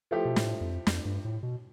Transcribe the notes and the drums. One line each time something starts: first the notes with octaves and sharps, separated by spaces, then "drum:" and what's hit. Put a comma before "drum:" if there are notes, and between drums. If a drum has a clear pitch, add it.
F3 A3 E4 G4
B2
A2, drum: snare
F2
F2, drum: snare
G2
A2
B2